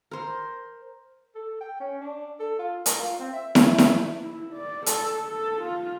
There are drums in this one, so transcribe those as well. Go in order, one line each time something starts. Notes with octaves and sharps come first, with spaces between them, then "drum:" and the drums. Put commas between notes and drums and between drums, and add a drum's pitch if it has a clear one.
A#4 C5
A4
G5
C#4
D4
A4
F4
A#4, drum: hi-hat
F4
C4
E5
E4, drum: snare E4
E5
drum: snare E4
E4
D5
A4, drum: hi-hat
A4
F4